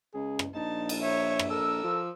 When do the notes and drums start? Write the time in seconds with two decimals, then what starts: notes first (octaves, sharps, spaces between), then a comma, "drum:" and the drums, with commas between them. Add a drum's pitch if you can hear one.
0.14 C#2 G#4
0.39 drum: rim click
0.55 A#1 D#4 A5
0.89 drum: cymbal
1.01 C#5 E5
1.39 drum: rim click
1.50 A4 A#4 E6
1.84 F3